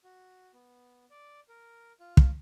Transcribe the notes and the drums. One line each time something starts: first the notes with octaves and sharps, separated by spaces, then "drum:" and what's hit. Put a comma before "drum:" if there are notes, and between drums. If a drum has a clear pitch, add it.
F#4
B3
D5
A#4
F4
drum: kick